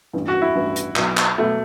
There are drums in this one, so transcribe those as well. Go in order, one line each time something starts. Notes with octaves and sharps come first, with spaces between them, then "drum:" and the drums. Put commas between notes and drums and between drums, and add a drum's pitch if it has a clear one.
A1 G2 E3
F#4
E4
A1 G2 E3
drum: hi-hat
B1 B2 F#3, drum: clap
drum: clap
B2 F#3 A3